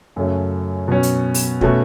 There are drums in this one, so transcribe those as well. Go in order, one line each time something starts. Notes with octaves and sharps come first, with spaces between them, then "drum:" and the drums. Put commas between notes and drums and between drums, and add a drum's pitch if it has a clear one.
F#2 C#3 F#3 A3 C#4
B2 F#3 C#4
drum: hi-hat
drum: open hi-hat
B2 A3 C#4 F#4, drum: kick